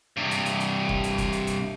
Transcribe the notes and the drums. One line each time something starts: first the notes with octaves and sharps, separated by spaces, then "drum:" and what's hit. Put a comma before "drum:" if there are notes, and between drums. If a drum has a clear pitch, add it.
G2 C3
drum: hi-hat
drum: hi-hat
drum: hi-hat
drum: kick
drum: hi-hat
drum: kick, hi-hat
drum: hi-hat
drum: hi-hat